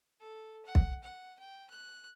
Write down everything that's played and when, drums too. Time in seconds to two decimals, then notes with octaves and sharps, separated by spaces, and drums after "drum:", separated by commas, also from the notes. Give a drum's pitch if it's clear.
0.20 A4
0.66 F#5
0.75 drum: kick
1.03 F#5
1.39 G5
1.70 F#6